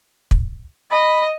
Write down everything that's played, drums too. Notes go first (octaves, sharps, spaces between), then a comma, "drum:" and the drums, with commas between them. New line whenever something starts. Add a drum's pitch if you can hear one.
drum: kick
D#5 B5